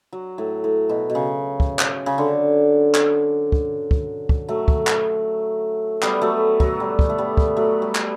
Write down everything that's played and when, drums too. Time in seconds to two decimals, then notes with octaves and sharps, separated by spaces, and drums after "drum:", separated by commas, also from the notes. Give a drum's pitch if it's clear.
0.13 F#3
0.38 A2
0.64 A2
0.89 B2
1.10 B2
1.15 C#3
1.60 drum: kick
1.79 drum: clap
2.06 C#3
2.18 D3
2.95 drum: clap
3.52 drum: kick
3.91 drum: kick
4.29 drum: kick
4.48 F#3 A3
4.68 drum: kick
4.87 drum: clap
6.03 G3 B3, drum: clap
6.21 F#3 A3
6.60 F#3, drum: kick
6.80 G3
6.99 drum: kick
7.10 A3
7.18 G3 B3
7.37 drum: kick
7.57 F#3 A3
7.82 G3
7.95 drum: clap